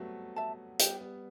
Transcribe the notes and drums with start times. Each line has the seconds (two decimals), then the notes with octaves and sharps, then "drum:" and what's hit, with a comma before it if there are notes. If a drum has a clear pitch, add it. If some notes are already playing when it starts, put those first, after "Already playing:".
Already playing: F#3 G3 A3 B3 C4
0.36 E5 A5
0.79 G3 B3 G4, drum: hi-hat
1.01 G3 B3